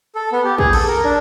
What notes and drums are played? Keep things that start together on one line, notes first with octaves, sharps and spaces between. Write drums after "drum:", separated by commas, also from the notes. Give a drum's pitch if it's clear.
A4
B3
G4
G#4, drum: kick
A4, drum: cymbal
A#4
D4